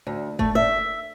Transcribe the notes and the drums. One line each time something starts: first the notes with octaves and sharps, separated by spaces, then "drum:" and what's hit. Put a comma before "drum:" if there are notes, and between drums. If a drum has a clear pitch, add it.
D2
A3, drum: kick F#1
E5